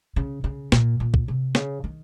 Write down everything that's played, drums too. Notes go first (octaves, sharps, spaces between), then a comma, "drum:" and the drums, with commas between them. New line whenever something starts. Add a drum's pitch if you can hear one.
C#3
C#3
A#2, drum: snare
A#2
drum: kick
C3
C#3, drum: snare
D#3